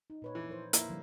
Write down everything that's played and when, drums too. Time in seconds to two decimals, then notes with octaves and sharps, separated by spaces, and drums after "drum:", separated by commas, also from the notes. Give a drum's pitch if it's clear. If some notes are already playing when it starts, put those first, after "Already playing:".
0.10 D#4
0.22 A#2 B4 C#5
0.35 E3
0.49 F3 A#4 C5
0.73 A#3 E4, drum: hi-hat
0.89 D3 F3 G3